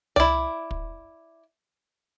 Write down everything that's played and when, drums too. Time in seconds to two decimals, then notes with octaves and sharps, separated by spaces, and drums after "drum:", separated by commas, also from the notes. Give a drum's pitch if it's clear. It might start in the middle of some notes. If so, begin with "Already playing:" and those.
0.16 E4 D5, drum: tom C2
0.71 drum: kick